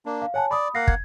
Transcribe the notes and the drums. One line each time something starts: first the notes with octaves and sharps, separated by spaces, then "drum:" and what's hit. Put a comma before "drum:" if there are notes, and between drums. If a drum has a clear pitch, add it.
A#3 D4
F5
C#5 F#5 G#5 A5
D5 B5 D#6
A#3 F5 F#5 A#6 C7
G#6, drum: kick